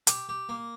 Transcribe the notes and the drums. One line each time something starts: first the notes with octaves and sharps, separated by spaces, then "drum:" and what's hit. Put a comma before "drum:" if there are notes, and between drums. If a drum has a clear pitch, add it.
G4, drum: hi-hat
G4
A#3